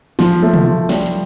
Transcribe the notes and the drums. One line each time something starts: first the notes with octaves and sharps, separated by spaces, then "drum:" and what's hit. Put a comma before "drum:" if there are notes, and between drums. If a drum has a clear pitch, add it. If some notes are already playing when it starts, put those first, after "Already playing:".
F3, drum: snare
A3
drum: tom
F3
G3, drum: snare
drum: hi-hat